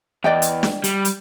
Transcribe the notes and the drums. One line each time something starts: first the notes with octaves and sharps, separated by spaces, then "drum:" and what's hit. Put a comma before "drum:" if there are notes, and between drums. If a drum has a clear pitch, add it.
E2 D5 D#5 G5
drum: hi-hat
drum: snare
G3, drum: hi-hat
drum: hi-hat